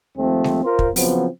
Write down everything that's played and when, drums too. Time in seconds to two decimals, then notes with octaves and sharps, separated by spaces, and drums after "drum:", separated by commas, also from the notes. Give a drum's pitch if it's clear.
0.18 D#2 F3 A3 C4
0.44 drum: snare G#3
0.65 F4 A#4 C5
0.79 drum: kick
0.96 C#3 F3 F#3 B3 C4, drum: open hi-hat